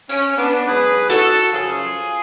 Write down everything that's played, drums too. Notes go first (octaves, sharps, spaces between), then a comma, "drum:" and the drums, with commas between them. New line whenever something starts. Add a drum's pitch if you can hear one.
C#4, drum: tambourine
B3 D4
G#2 F#3 G#4 B4
F#4 A4, drum: hi-hat
F#2 C#3 F3 F4 G#4